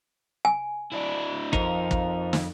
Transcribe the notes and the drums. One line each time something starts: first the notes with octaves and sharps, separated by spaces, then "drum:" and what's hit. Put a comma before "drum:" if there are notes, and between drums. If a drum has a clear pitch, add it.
G#5
D4 E4
F2 F3 D#4 A#4, drum: kick
drum: kick
drum: snare